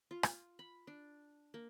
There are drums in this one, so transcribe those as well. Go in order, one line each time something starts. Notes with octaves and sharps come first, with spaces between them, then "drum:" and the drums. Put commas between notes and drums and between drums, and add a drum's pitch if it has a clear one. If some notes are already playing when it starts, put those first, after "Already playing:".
F4
drum: rim click
B5
D4
A#3